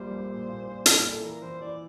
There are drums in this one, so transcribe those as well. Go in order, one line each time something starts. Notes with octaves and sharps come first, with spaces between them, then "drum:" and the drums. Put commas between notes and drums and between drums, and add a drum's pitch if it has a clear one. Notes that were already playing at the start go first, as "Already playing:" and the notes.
Already playing: A#1 G3 A#3 C5
G3
A#2
A#2
A#2
A#2, drum: hi-hat
E4 A4
E3 A#4
E3 C5
E3 D5